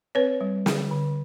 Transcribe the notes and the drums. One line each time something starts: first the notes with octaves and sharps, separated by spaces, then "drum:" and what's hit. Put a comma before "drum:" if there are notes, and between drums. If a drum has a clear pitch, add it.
C4 B4 C#5
G3
D3, drum: snare
D3